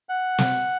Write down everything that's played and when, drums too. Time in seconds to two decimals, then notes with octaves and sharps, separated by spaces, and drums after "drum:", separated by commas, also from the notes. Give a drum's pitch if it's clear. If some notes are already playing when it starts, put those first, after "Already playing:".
0.09 F#5
0.38 drum: snare